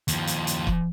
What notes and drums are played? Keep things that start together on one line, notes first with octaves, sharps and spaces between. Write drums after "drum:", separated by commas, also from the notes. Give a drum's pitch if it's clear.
D#2 F3, drum: hi-hat
drum: hi-hat
drum: hi-hat
drum: kick